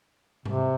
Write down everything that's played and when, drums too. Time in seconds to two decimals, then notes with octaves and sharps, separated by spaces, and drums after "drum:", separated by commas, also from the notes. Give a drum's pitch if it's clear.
0.45 C3, drum: tom G#2